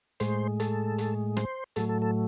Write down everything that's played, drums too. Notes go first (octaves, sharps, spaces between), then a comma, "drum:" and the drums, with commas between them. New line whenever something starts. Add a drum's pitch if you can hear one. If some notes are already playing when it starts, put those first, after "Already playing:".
A2 G#3 C5, drum: hi-hat
A4, drum: hi-hat
drum: hi-hat
C5, drum: rim click
A2 F#3 A3 A4, drum: hi-hat
A4
A4